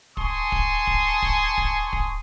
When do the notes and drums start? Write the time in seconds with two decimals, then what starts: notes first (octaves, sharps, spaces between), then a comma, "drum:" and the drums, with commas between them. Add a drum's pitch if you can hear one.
0.17 G#5 A5 C6 C#6 D#6, drum: kick
0.52 drum: kick
0.87 drum: kick
1.22 drum: kick
1.58 drum: kick
1.93 drum: kick